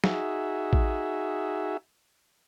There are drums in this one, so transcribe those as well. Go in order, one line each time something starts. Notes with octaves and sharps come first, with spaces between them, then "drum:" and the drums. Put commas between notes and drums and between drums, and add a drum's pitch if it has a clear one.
D#4 F#4 G#4 E5, drum: snare
drum: kick A1